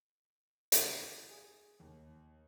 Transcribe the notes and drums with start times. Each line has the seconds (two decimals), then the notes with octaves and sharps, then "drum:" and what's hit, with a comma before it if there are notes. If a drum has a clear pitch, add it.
0.72 drum: hi-hat
1.29 G#4
1.80 D#2